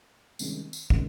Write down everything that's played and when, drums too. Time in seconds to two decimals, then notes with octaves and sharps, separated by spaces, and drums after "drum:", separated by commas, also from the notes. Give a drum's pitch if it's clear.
0.39 C2 C3 D#3 G#3 C#4, drum: tambourine
0.73 drum: tambourine
0.90 C3 D#3 G#3 C#4, drum: kick